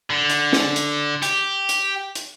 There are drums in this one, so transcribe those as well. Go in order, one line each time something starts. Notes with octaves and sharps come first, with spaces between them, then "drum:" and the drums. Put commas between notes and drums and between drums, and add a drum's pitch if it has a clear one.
D3
drum: hi-hat
drum: snare
drum: hi-hat
G4, drum: hi-hat
drum: hi-hat
drum: hi-hat